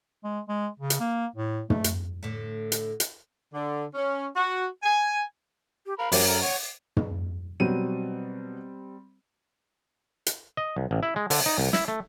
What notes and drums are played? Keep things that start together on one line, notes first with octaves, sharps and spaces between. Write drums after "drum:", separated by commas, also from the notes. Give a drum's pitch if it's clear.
G#3
G#3
C#3
drum: hi-hat
A#3
A2
A3, drum: tom
drum: hi-hat
A2 D3
drum: hi-hat
drum: hi-hat
D3
C#4
F#4
G#5
G4
A#4 F5 B5
F#2 A#3 G4, drum: open hi-hat
A4 A#4
C#5 F#5
drum: tom
B2 F#3 G3 C4 D#7
drum: hi-hat
D#5
C2
A1
E4
G#3
D3, drum: open hi-hat
D#4
C2
E4, drum: snare
A3